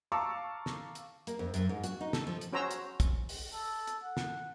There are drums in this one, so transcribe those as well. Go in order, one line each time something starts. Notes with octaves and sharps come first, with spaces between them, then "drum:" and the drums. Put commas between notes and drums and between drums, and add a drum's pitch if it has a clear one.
F5 A5 A#5 C#6 D6 E6
drum: snare
drum: hi-hat
A#3, drum: hi-hat
F2
F#2, drum: hi-hat
G#2
F#4, drum: hi-hat
D#4
A4, drum: snare
F3
drum: hi-hat
C#4 F#4 C5 C#5 A#5 E6
drum: hi-hat
drum: kick, hi-hat
drum: open hi-hat
A4
drum: hi-hat
F#5
drum: snare